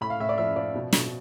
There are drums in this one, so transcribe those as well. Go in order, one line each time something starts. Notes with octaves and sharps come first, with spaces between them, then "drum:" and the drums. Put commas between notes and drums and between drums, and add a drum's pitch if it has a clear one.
A2 B5
F5
A2 E5
D5
F3 E5
F3 D5
B2
B2, drum: snare